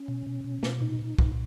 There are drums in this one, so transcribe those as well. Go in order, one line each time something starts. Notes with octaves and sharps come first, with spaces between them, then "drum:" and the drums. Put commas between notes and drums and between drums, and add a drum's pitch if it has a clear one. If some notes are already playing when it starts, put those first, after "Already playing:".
Already playing: C#4
B2
B2
B2
B2, drum: snare
A#2 D#4
A#2
A#2, drum: kick